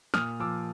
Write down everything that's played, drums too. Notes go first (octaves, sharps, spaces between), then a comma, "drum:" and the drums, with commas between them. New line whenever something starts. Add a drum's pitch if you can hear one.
A#2 D#6 F6, drum: snare
F3 D6 E6